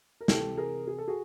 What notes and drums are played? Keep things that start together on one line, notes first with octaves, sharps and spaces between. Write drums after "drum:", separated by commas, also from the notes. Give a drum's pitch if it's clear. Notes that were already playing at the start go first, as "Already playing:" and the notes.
A#4
C3 E3 G4 A4, drum: snare
G#4 A#4
G#4
A4
F#4 G#4